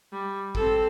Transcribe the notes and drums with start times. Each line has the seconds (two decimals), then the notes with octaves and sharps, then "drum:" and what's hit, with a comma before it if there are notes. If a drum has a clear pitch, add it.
0.12 G3
0.55 C4 A4, drum: kick